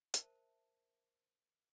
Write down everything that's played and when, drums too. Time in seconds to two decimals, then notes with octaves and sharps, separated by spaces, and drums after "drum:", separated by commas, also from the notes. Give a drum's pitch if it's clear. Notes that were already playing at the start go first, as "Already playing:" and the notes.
0.14 A#4 C5 E5 A5, drum: hi-hat